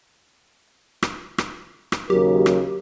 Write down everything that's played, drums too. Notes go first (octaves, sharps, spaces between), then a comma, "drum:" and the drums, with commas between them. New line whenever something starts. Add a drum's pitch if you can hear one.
drum: rim click
drum: rim click
drum: rim click
D#2 C#3 F#3 G4 A#4
drum: rim click